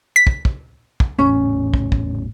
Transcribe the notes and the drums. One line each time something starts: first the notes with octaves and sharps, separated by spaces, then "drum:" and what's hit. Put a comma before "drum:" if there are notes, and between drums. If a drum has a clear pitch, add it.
B6
drum: kick
drum: kick
drum: kick
G#1 E2 A2 C#4
drum: kick
drum: kick